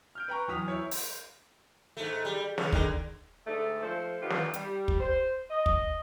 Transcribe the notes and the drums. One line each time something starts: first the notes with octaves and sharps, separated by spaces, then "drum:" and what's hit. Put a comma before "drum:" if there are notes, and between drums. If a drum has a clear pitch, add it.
F6 G6 D7
B4 G5 A#5 C#6
E2 F#3 D#6 B6 F7
E4 C#5
drum: open hi-hat
G#2 A3
G3
C#3, drum: snare
D3 D#3, drum: kick
G#2 D3 A3
F3 A3 A4 C5 C6
D#3 B3 F4 G4 A4
drum: snare
G3, drum: hi-hat
drum: kick
C5
D#5
drum: kick